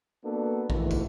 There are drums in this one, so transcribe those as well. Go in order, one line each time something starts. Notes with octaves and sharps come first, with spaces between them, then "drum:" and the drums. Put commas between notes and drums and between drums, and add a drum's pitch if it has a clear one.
A#3 B3 D4 F#4 A4 B4
D2 G#2 D#3 E3, drum: kick
drum: kick, tambourine